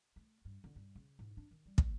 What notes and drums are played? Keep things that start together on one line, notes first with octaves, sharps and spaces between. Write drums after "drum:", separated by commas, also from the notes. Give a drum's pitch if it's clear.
A3
G2
D3
G2
C#3
G#2
D4
D#3
G3
A#3, drum: kick